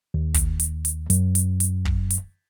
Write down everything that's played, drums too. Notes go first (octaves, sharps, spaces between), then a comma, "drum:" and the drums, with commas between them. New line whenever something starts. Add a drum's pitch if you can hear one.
D#2
drum: kick, hi-hat
drum: hi-hat
drum: hi-hat
F#2, drum: hi-hat
drum: hi-hat
drum: hi-hat
drum: kick
drum: hi-hat